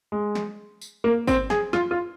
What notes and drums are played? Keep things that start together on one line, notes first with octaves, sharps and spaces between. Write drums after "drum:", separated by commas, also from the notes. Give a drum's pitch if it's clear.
G#3
drum: snare
drum: tambourine
A#3
C4, drum: kick G#1, tambourine
G#4, drum: snare
F4, drum: snare
F4